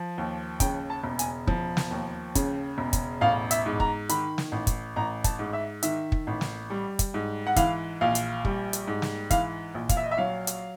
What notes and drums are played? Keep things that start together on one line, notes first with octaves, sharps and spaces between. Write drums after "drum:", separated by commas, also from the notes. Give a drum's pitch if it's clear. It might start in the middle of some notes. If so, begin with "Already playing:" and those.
Already playing: F3
D#2
C#3 G5, drum: kick, hi-hat
A5
E1
G#5, drum: hi-hat
F3, drum: kick
drum: snare
D#2
C#3, drum: kick, hi-hat
E1
drum: kick, hi-hat
A1 F5
E5, drum: hi-hat
G#2
A#5, drum: kick
D#3 B5, drum: hi-hat
drum: snare
A1
drum: kick, hi-hat
A1 A#5
A5, drum: kick, hi-hat
G#2
E5
D#3 E5, drum: hi-hat
drum: kick
A1
drum: snare
G3
drum: kick, hi-hat
G#2
F#5
E3 F5, drum: kick, hi-hat
A#1 F5
drum: hi-hat
G3, drum: kick
drum: hi-hat
G#2
drum: snare
E3 F5, drum: kick, hi-hat
A#1
F5, drum: kick, hi-hat
E5
D#5
E5
F#3 F5
drum: hi-hat